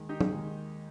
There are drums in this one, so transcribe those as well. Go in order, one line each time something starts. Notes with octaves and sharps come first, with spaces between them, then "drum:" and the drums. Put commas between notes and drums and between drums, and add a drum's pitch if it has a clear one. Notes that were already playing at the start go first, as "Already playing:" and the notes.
Already playing: D#2 D#3 G#3
D#4 G4
drum: tom
D#2 D#3 G#3